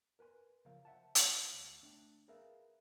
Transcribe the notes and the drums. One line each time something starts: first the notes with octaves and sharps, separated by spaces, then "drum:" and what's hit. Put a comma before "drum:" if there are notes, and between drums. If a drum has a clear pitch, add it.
A#4 B4 G#5 C6
C#3 F3 A#4 F5
C5 E5 F#5 A5
drum: hi-hat
D2
A3 D4 G5
G#4 A#4 B4 E5 F5